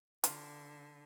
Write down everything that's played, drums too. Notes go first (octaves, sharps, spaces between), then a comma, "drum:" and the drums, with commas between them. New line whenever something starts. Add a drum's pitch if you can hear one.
D3 F4, drum: hi-hat